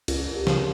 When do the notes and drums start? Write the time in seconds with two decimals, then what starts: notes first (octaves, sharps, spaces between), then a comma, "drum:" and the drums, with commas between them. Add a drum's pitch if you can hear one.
0.08 C#2 A#4, drum: cymbal
0.33 G4
0.47 C#3 F3 C#4, drum: snare